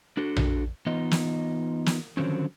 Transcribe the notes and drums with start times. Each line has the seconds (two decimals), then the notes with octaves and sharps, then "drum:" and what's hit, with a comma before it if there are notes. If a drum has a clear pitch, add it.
0.17 D4 F#4 A4
0.36 drum: tom A#1
0.86 E3 B3 D#4 F4 D#5
1.11 drum: snare
1.86 drum: snare
2.17 D3 D#3 F3 F#3 C4 C#4